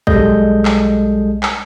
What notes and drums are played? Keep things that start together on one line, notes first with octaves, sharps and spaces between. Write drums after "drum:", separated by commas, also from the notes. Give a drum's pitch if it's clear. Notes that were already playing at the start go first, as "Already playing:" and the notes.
B1 G3 G#3 A4 D#5 G6, drum: kick
drum: clap
drum: clap